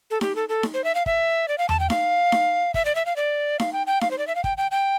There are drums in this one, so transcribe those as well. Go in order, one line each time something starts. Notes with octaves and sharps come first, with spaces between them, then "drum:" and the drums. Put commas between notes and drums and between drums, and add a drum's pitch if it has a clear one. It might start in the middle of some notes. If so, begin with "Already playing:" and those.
A4
G4, drum: snare D#4
A4
A4
drum: snare D#4
C5
E5
F5
E5, drum: kick
D5
F5
A5, drum: tom E2
G5
F5, drum: snare D#4
drum: snare D#4
E5, drum: kick
D5
E5
F5
D5
F5, drum: snare D#4
G5
G5
F5, drum: snare D#4
C5
D5
E5
F5
G5, drum: kick
G5
G5